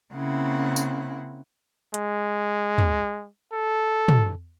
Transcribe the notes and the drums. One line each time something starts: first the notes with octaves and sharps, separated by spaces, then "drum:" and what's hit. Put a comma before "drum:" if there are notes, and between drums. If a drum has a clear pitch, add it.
C#3 A#3 C4 C#4 E4 F#5
drum: tambourine
G#3, drum: hi-hat
drum: tom
A4
drum: tom